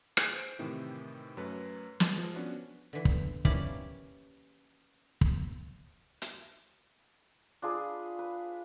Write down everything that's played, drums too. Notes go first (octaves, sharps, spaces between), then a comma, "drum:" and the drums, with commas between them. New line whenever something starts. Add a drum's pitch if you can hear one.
G#4 G#5, drum: rim click
C5 G6 D7
A2 C3 D#3 E3
F#2 F#3 A3 B4
drum: snare
F3 G#3
B3 C#4 D4 F#4 B4
D3 E3
drum: kick
E3 A#3 C#4 E4 G4 D5, drum: kick
drum: kick
drum: hi-hat
D4 F4 G#4 B5
B4